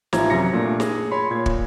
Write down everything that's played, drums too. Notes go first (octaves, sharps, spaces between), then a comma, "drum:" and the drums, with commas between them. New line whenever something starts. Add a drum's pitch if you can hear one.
A1 F3 F4 E5 A#5 G#6, drum: snare
F#2 C3 A#6 C#7
A#2 A3 D4
G#4, drum: snare
C#5 B5 C6
A#2 G#6
drum: kick